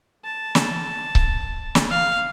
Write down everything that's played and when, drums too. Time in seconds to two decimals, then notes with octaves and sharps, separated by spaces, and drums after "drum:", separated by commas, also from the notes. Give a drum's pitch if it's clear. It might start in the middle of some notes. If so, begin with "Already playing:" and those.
0.25 A5
0.55 drum: snare
1.15 drum: kick C#1
1.75 drum: snare
1.90 F5